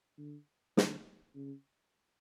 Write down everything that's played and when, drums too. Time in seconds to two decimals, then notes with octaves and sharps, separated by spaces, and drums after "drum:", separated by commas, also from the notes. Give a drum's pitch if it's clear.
0.18 D3
0.77 D3, drum: snare
1.35 C#3